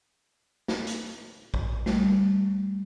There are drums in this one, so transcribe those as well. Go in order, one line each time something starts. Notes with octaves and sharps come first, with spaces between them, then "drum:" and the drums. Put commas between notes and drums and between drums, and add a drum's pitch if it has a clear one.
drum: snare
drum: hi-hat
drum: kick A#1
G3 A3, drum: snare